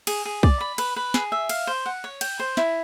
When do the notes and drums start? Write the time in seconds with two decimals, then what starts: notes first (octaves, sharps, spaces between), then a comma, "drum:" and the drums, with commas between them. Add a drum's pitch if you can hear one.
0.07 G#4, drum: cymbal
0.25 G#4
0.43 D5, drum: kick
0.61 B5
0.78 B4, drum: cymbal
0.96 B4
1.14 G#4, drum: snare
1.32 E5
1.49 F5, drum: cymbal
1.67 C5
1.86 F#5
2.04 C#5
2.21 G5, drum: cymbal
2.40 C5
2.57 E4, drum: snare